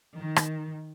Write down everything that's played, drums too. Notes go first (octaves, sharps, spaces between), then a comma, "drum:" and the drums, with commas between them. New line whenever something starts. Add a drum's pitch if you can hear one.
D#3
drum: rim click